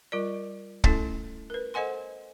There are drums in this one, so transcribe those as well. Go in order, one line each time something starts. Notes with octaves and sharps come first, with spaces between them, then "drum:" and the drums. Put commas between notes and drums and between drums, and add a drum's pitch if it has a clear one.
G3 F4 A#4 D5
A3 C#4 E4 A4, drum: kick
A#4 B4
A4 C5 D#5 F#5 G#5 C6